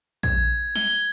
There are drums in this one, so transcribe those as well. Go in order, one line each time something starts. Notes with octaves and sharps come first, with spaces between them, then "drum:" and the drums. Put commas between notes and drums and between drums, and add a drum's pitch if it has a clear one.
G#6, drum: kick
G7, drum: snare